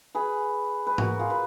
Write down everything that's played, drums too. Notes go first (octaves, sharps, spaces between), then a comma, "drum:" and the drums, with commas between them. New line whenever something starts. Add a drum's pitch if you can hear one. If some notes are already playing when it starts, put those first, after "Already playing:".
G#4 B4
B4
F#4 A#4, drum: tom G#2
F4 G#4
B4